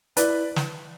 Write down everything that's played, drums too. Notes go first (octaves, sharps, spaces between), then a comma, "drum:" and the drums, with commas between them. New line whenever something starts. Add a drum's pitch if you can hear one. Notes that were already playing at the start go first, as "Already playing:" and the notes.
E4 B4 D5, drum: hi-hat
drum: snare